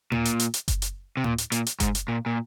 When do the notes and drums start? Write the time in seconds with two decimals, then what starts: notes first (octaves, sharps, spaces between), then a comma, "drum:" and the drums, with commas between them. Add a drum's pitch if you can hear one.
0.12 A#2, drum: tom A2
0.25 drum: hi-hat
0.39 drum: hi-hat
0.54 drum: hi-hat
0.68 drum: kick F#1, hi-hat
0.82 drum: hi-hat
1.17 C3
1.24 A#2, drum: tom A2
1.38 drum: hi-hat
1.52 A#2, drum: hi-hat
1.66 drum: hi-hat
1.80 G#2, drum: kick F#1, hi-hat
1.95 drum: hi-hat
2.08 A#2
2.26 A#2